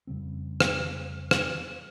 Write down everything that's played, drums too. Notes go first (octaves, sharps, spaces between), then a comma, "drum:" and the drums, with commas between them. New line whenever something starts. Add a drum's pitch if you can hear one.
F2 C#3 G3 C4
drum: rim click
drum: rim click